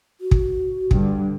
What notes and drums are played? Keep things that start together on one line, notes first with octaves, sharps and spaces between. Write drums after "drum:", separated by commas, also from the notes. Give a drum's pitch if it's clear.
F#4
drum: kick
G2 D3, drum: kick